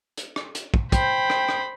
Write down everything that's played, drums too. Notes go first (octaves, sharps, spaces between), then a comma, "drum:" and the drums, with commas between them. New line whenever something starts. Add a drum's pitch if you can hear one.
drum: hi-hat
drum: rim click
drum: hi-hat
drum: kick
C5 G5 B5, drum: kick, hi-hat
drum: rim click
drum: rim click